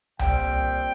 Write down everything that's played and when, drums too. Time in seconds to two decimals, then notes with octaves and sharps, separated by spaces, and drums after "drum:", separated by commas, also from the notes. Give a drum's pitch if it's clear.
0.19 A#2 G3 C4 G5, drum: tom C2